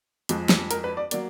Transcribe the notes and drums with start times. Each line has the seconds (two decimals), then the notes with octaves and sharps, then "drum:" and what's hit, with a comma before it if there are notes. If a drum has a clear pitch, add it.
0.29 F2 F3 G#3, drum: hi-hat
0.49 drum: snare
0.71 A#4, drum: hi-hat
0.84 B4
0.97 D5
1.11 F#3 A#3 D5, drum: hi-hat